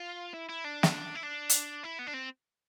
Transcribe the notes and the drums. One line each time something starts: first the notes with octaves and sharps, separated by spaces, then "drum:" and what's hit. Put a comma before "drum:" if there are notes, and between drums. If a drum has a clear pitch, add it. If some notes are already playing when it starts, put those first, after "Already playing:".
Already playing: F4
E4
E4
D4
drum: snare
E4
D4
drum: hi-hat
E4
B3
D4
C4